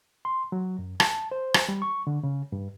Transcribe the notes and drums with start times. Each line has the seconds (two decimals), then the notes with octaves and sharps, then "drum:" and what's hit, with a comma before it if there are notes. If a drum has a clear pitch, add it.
0.25 C6
0.52 F#3
0.79 F#2
1.00 A5, drum: rim click
1.31 C5
1.54 drum: rim click
1.69 G3
1.82 C#6
2.07 D3
2.23 C#3
2.52 G2